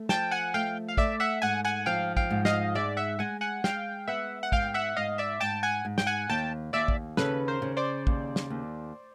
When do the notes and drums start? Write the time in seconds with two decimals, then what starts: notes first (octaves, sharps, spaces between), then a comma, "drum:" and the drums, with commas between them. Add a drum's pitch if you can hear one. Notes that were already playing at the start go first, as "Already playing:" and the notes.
Already playing: A3
0.09 F3 G5 A5, drum: snare
0.31 F#5 G#5
0.54 A3 F5 G5
0.89 F5
0.97 A3 D5 E5, drum: kick
1.20 E5 F#5
1.42 G#2 F#5 G#5
1.65 F#5 G#5
1.86 F3 F5 G5
2.17 F5 G5, drum: kick
2.30 G#2
2.45 D#5 F5, drum: snare
2.75 G#3 D5 E5
2.97 E5 F#5
3.19 G#3 F#5 G#5
3.41 F#5 G#5
3.64 G#3 F5 G5, drum: snare
4.08 B3 E5 F#5
4.43 F#5
4.52 G#2 F5 G5, drum: kick
4.74 E5 F#5
4.96 G#2 D#5 F5
5.18 D5 E5
5.40 G#2 G5 A5
5.63 F#5 G#5
5.85 G#2
5.98 G5, drum: snare
6.07 F#5 G#5
6.29 D#2 G5 A5
6.73 D#2 D5 E5
6.88 drum: kick
7.17 C#3 A4 B4, drum: snare
7.48 A#4 C5
7.62 C#3
7.77 C5 D5
8.07 D#2, drum: kick
8.36 drum: snare
8.50 D#2